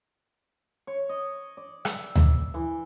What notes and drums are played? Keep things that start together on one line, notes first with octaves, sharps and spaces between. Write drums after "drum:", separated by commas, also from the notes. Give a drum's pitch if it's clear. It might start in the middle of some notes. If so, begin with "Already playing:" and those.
C#5
D#5
D5
E5, drum: rim click
drum: tom D2
E3